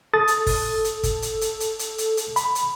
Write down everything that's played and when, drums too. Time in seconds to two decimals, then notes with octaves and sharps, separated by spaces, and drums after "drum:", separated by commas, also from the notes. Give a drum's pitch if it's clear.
0.14 A4 D#6 A6
0.28 drum: hi-hat
0.46 drum: kick G1, open hi-hat
0.84 drum: hi-hat
1.03 drum: kick G1, hi-hat
1.22 drum: hi-hat
1.41 drum: hi-hat
1.60 drum: hi-hat
1.79 drum: hi-hat
1.98 drum: hi-hat
2.17 drum: hi-hat
2.36 B5, drum: hi-hat
2.55 drum: hi-hat